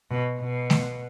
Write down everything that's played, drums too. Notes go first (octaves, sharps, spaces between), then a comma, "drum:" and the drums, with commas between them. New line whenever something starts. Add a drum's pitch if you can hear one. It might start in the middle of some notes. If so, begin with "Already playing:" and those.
B2
B2
drum: snare A3